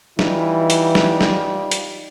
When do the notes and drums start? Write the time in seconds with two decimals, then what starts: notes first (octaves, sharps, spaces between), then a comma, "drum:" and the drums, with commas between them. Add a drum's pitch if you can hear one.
0.19 E3 G3 D#4 F4, drum: snare
0.70 drum: hi-hat
0.95 drum: snare
1.21 drum: snare
1.71 drum: hi-hat